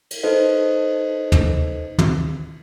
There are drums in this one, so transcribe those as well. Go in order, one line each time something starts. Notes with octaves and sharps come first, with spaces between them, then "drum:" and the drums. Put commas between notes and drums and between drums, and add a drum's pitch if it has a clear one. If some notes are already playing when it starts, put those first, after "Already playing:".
drum: cymbal
D#4 A4 B4 C5 D#5
drum: tom
drum: tom